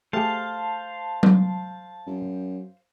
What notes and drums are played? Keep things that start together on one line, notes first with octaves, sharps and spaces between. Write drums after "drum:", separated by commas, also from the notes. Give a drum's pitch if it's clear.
A3 G4 G#4 C5 F5 A5
drum: tom F#3
F#2